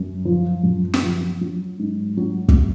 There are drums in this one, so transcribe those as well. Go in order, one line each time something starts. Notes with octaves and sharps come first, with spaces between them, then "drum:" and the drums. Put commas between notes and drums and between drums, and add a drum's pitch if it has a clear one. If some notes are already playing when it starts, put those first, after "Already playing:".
Already playing: F#2
F3
F#2
drum: snare
F3
F#3
G#2
F#3
drum: kick